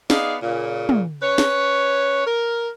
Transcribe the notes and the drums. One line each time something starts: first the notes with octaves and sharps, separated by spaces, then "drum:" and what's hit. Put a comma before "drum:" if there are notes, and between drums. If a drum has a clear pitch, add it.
B3 D#4 G#4 D5 F5, drum: snare
A#2 C#3
drum: tom
C#4 B4 C#5
drum: snare
A#4